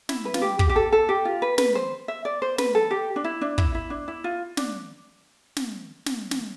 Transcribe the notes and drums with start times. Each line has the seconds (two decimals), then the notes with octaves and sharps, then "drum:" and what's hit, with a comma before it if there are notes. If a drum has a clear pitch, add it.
0.09 E4, drum: snare
0.25 B4
0.34 F4, drum: snare
0.42 G4
0.59 G4, drum: kick
0.69 G4
0.76 A4
0.92 A4
1.09 G4
1.25 F4
1.42 B4
1.58 B4, drum: snare
1.75 C5
2.08 E5
2.25 D5
2.42 C5
2.58 B4, drum: snare
2.75 A4
2.91 G4
3.16 D4
3.24 E4
3.41 D4
3.58 E4, drum: kick
3.75 E4
3.90 D4
4.08 E4
4.24 F4
4.57 D4, drum: snare
5.57 drum: snare
6.06 drum: snare
6.31 drum: snare